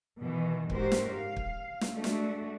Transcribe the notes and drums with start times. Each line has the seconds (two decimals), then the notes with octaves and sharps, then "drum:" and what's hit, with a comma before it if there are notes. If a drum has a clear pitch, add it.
0.18 B2 D#3 E3
0.70 G#2 F#4 G4 A#4 C5, drum: kick
0.92 drum: snare
1.14 F5
1.36 drum: kick
1.81 drum: snare
1.93 G#3 A3 D4 F#4
2.04 drum: snare